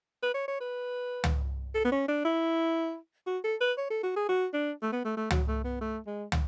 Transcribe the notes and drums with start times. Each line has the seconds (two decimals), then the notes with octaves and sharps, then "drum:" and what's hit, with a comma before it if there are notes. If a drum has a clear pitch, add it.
0.23 B4
0.34 C#5
0.48 C#5
0.60 B4
1.24 drum: tom
1.74 A4
1.85 B3
1.92 C#4
2.08 D4
2.25 E4
3.27 F#4
3.44 A4
3.61 B4
3.78 C#5
3.90 A4
4.03 F#4
4.16 G#4
4.29 F#4
4.54 D4
4.82 A3
4.92 B3
5.05 A3
5.17 A3
5.31 F#3, drum: tom
5.48 A3
5.64 B3
5.81 A3
6.07 G#3
6.32 drum: tom